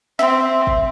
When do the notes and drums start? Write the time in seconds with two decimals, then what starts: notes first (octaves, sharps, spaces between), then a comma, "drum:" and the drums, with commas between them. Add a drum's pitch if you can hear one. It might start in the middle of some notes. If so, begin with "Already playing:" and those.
0.19 C4 E5, drum: snare
0.67 drum: kick